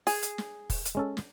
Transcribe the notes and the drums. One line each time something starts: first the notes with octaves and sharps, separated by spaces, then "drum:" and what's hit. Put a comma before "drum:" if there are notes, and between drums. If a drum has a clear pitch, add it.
G#4, drum: open hi-hat
drum: hi-hat
drum: snare
drum: kick, open hi-hat
drum: hi-hat
G#3 C#4 A4
drum: snare